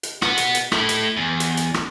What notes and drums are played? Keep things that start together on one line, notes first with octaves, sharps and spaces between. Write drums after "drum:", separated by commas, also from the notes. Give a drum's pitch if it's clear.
drum: hi-hat
B3 F#4, drum: rim click
drum: hi-hat
drum: hi-hat
A3 E4, drum: rim click
drum: hi-hat
E2
drum: hi-hat
drum: hi-hat
drum: rim click